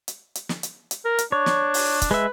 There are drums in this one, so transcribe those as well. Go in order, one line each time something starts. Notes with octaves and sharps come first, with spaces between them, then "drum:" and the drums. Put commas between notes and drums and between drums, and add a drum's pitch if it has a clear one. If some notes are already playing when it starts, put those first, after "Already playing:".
drum: hi-hat
drum: hi-hat
drum: snare
drum: hi-hat
drum: hi-hat
A#4
drum: hi-hat
D4 C#5
drum: snare
drum: open hi-hat
drum: kick, hi-hat
G#3 B4 E5